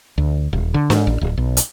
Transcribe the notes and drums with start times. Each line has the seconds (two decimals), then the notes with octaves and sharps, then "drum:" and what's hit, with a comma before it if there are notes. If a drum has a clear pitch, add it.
0.18 D2
0.53 D#1
0.74 D3
0.90 G#2, drum: snare
1.07 A1
1.21 D1
1.37 B1
1.57 drum: hi-hat